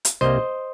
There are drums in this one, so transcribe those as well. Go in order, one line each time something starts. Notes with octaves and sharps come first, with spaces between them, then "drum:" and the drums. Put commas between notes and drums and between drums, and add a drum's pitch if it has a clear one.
drum: hi-hat
C2 C3 G3 A#3 C5 D#5